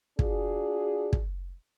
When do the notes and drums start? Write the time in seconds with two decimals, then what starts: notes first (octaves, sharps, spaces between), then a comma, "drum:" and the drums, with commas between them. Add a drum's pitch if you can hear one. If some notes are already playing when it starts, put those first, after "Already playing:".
0.19 D4 F4 F#4 G#4, drum: kick
1.13 drum: kick